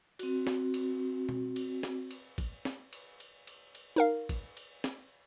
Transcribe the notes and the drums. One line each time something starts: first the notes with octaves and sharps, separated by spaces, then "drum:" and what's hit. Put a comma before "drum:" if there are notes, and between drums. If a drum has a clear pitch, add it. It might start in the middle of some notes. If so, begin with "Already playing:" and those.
C4 F#4, drum: cymbal
drum: snare
drum: cymbal
drum: tom B2
drum: cymbal
drum: snare
drum: cymbal
drum: kick, cymbal
drum: snare
drum: cymbal
drum: cymbal
drum: cymbal
drum: cymbal
D#4 A#4 F5
drum: kick, cymbal
drum: cymbal
drum: snare